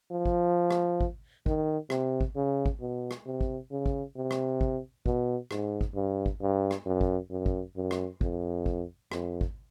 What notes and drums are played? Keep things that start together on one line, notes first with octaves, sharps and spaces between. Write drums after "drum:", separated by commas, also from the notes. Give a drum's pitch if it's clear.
F3
drum: kick
drum: rim click
drum: kick
D#3, drum: kick
C3, drum: rim click
drum: kick
C#3
drum: kick
B2
drum: rim click
C3
drum: kick
C#3
drum: kick
C3
drum: rim click
drum: kick
B2, drum: kick
G#2, drum: rim click
drum: kick
G2
drum: kick
G2
drum: rim click
F#2
drum: kick
F#2
drum: kick
F#2
drum: rim click
F2, drum: kick
drum: kick
F2, drum: rim click
drum: kick